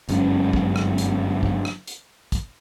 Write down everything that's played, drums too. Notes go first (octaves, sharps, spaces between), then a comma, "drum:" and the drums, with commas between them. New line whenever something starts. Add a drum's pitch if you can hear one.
G1 F#2 G#3 C#4, drum: hi-hat
drum: kick
drum: rim click
drum: hi-hat
drum: kick
drum: rim click
drum: hi-hat
drum: kick, hi-hat